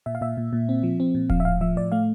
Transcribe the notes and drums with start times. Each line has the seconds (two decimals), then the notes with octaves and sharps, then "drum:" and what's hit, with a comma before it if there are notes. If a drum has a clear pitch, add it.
0.06 A#2 E5
0.15 F5
0.21 A#2 E5
0.37 A#2
0.53 A#2
0.69 C4
0.83 F3
1.00 C4
1.15 A#2
1.30 F3 F5, drum: kick D#1
1.40 E5
1.45 A2 F5
1.61 F3 E5
1.76 A2 D5
1.92 A3 F5